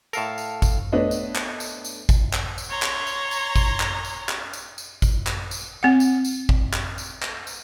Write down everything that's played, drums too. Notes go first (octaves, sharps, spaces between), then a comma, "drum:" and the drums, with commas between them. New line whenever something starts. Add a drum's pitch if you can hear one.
A2 A4 A#4 F5 A5, drum: tambourine
drum: tambourine
drum: kick G#1, tambourine
A3 B3 D4 B4 C#5 D#5
drum: tambourine
drum: clap
drum: tambourine
drum: tambourine
drum: kick G#1, tambourine
drum: clap
drum: tambourine
C#5 A#5 C6
drum: clap
drum: tambourine
drum: tambourine
drum: kick G#1, tambourine
drum: clap
drum: tambourine
drum: clap
drum: tambourine
drum: tambourine
drum: kick G#1, tambourine
drum: clap
drum: tambourine
C4 F#5
drum: tambourine
drum: tambourine
drum: kick G#1
drum: clap
drum: tambourine
drum: clap
drum: tambourine